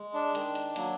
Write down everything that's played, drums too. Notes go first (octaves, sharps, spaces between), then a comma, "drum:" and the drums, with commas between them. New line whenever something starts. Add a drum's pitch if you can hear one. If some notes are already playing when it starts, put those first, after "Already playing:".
Already playing: G#3
D4
D#3, drum: hi-hat
drum: hi-hat
F#3 A#3, drum: hi-hat